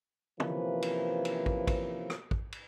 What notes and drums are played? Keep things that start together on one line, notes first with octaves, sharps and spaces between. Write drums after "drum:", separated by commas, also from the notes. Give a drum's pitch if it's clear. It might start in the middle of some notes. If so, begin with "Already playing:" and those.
C3 E3 F3 A#3 C#4 B4, drum: tom
drum: cymbal
drum: cymbal
drum: kick
drum: kick, cymbal
drum: rim click
drum: kick
drum: cymbal